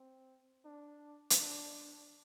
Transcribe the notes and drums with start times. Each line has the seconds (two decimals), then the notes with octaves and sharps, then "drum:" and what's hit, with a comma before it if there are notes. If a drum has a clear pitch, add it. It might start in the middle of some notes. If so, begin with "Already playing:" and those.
Already playing: C4
0.65 D4
1.30 drum: hi-hat
1.41 D4